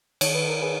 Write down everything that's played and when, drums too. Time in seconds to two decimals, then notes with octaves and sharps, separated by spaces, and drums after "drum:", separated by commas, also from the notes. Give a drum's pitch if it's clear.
0.21 D#3 C#5, drum: cymbal
0.35 B4
0.49 A#4
0.62 G#4 B4